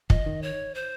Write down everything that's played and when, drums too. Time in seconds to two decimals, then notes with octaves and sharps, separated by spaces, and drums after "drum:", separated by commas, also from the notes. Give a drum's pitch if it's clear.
0.10 F3 D#5, drum: kick
0.26 D#3
0.42 C#5
0.75 C5